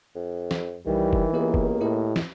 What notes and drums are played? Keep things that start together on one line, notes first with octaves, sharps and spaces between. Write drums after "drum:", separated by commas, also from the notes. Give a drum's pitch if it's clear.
F2
drum: snare
B1 D#3 E3 G3
drum: kick
C#2 A#3 B3 G4 D#5
drum: kick
A2 E4 G4 D#5
drum: snare